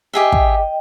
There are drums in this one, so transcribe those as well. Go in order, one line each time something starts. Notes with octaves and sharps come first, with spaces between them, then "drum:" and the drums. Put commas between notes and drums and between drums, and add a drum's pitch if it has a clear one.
G4 G#4 D#5 E5 G5
drum: kick